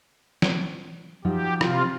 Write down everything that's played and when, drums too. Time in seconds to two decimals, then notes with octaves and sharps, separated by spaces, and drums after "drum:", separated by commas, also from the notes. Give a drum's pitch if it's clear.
0.42 drum: snare
1.25 F3 F#3 D#4 G4
1.61 C3 F4, drum: rim click